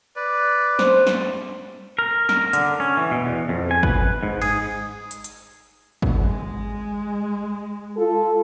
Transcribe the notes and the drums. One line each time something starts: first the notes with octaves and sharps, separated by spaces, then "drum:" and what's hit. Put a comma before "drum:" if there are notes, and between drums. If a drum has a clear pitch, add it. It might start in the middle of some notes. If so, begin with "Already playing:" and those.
B4 D5
C5, drum: snare
drum: snare
A#4
A#4, drum: snare
D3, drum: hi-hat
C#4
E3
B2
E2
F2
G#5
B4, drum: kick G#1
G#2
G#4, drum: cymbal
drum: hi-hat
drum: hi-hat
drum: kick G#1
G#3
F4 A4